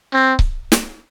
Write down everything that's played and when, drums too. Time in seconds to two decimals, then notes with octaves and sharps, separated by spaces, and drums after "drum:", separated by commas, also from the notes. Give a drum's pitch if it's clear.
0.13 C4
0.39 drum: kick C#1
0.72 drum: snare